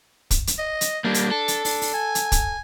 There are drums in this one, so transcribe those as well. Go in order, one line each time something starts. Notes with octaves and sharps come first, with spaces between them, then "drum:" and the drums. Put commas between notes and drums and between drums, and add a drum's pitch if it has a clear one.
drum: kick, hi-hat
drum: hi-hat
D#5
drum: hi-hat
G3 A#3 D4
drum: hi-hat
A4
drum: hi-hat
D4, drum: open hi-hat
drum: open hi-hat
G#5
drum: hi-hat
drum: kick, hi-hat